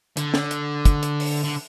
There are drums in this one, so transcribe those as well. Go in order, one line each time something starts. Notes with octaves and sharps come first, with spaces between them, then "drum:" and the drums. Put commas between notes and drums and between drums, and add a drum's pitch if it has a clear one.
D3, drum: hi-hat
drum: snare
drum: hi-hat
drum: kick, hi-hat
drum: hi-hat
drum: open hi-hat
D3